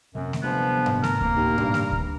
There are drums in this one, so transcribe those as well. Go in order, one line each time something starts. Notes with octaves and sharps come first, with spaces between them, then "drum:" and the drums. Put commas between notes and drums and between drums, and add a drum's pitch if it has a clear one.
F#2 C3 F#3 A#3
drum: snare A3
G1 F3 B3
drum: tom G#2
A#4, drum: snare A3
A2 C3 A#3, drum: kick D2
D#2
G2, drum: tom G#2
drum: snare A3
drum: kick D2